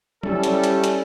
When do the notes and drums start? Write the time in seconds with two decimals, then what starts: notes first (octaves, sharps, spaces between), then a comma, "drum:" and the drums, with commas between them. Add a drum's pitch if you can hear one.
0.23 G3 C#4 E4 A4, drum: tom
0.43 drum: hi-hat
0.64 drum: hi-hat
0.84 drum: hi-hat